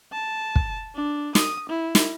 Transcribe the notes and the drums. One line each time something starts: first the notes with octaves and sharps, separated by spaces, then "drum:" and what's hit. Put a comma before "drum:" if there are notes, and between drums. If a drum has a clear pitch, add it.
A5
drum: kick
D4
D#6, drum: snare
E4
drum: snare